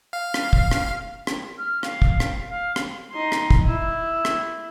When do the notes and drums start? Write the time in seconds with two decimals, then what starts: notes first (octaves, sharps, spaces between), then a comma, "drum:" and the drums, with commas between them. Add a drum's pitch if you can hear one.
0.13 F5
0.34 drum: rim click
0.53 drum: kick
0.71 drum: rim click
1.27 drum: rim click
1.58 F6
1.83 F5, drum: rim click
2.02 drum: kick
2.20 drum: rim click
2.49 F5
2.76 drum: rim click
3.12 D#4 C6
3.32 drum: rim click
3.51 drum: kick
3.66 E4
4.25 drum: rim click